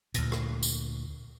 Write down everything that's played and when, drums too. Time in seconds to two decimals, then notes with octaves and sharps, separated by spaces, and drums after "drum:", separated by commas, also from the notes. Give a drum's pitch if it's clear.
0.14 D2 A#2, drum: hi-hat
0.32 drum: rim click
0.63 drum: tambourine